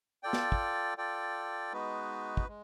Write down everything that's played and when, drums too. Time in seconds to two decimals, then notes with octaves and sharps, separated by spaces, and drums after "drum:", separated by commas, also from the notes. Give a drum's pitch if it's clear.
0.23 F4 A4 D5 G5
0.33 drum: snare
0.52 drum: kick
0.98 F4 A4 D5 G5
1.73 G#3 B3 D#4 F#4 B4
2.37 drum: kick
2.48 G#3